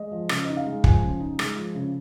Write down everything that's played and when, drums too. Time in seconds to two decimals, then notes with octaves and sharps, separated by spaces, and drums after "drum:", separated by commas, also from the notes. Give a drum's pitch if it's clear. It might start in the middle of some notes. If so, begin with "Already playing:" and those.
Already playing: G#3 D#5
0.12 F3
0.29 C#3, drum: rim click
0.44 D#4 D#5
0.57 F5
0.66 G#3
0.84 F3 G#5, drum: kick
1.03 C#3
1.20 D#4
1.39 G#3, drum: rim click
1.56 F3
1.75 C#3